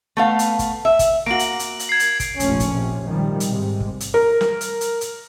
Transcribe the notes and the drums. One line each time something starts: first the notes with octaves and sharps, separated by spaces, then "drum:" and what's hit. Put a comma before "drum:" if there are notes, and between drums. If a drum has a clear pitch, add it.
A3 B3 F5
drum: hi-hat
drum: kick, hi-hat
E5
drum: kick, hi-hat
A#3 F#4 D7 F#7
drum: hi-hat
drum: hi-hat
drum: hi-hat
G#6 C7
drum: hi-hat
drum: kick, hi-hat
F1 A#1 A2 F3 C#4, drum: hi-hat
drum: kick, hi-hat
C3
C3 D#3 F3 G3
drum: hi-hat
G#2 C3
drum: kick
drum: hi-hat
A#4
drum: snare
drum: hi-hat
drum: hi-hat
drum: hi-hat